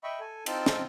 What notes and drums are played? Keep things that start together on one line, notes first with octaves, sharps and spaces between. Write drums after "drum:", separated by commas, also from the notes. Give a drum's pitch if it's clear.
D#5 E5 G5 B5 C#6
A4 G#5
C4 D#4 F4 G5 A5 E6, drum: cymbal
drum: snare